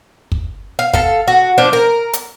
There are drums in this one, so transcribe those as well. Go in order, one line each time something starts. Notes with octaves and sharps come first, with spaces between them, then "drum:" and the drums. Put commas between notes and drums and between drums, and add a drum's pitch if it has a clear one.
drum: kick
F5
A4 F5, drum: kick
F#4
F3 D4 C5
A#4
drum: hi-hat